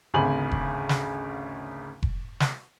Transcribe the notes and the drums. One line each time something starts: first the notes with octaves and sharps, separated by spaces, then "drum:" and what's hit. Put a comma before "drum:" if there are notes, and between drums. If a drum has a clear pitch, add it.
G#1 D2 C#3 G#5 B5 F#7
drum: kick F1
drum: snare
drum: kick F1
drum: snare